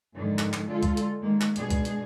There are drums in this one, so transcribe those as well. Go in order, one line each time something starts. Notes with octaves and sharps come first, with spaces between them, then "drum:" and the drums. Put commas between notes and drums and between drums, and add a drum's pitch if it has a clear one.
F2 G#2 D3 D#3
drum: clap
drum: clap
D3 G#3 F4 A4
drum: kick, hi-hat
drum: hi-hat
D#3 G#3 A#3
drum: clap
B2 G#3 D4 G#4, drum: hi-hat
drum: kick, hi-hat
drum: hi-hat